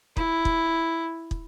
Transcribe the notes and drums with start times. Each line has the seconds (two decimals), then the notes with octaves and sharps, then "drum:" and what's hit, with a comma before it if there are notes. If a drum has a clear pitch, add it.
0.17 E4, drum: kick
0.45 drum: kick
1.31 drum: kick